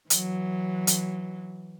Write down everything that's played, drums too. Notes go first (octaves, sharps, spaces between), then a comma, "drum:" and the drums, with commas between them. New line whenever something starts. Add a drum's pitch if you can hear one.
E3 F#3, drum: hi-hat
drum: hi-hat